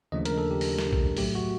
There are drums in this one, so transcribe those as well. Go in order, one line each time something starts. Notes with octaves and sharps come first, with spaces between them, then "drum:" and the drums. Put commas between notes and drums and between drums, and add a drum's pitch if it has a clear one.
D#2 C#3 F3 A3 D4 D#5
A#4, drum: hi-hat
A4
G4
drum: open hi-hat
drum: snare
drum: kick A#1
A2 F#3 A3 G4, drum: open hi-hat
F#4